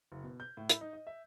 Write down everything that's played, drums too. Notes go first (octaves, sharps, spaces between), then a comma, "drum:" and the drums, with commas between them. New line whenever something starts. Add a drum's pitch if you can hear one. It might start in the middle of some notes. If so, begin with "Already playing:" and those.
F#1
B2
G6
A2
E4, drum: hi-hat
D#4
D#5
E5